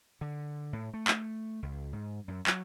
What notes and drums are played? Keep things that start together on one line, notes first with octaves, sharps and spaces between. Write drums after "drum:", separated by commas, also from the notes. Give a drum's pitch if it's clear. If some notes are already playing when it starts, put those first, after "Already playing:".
D3
A2
A3
drum: clap
C#2
G#2
F#2
F#3, drum: clap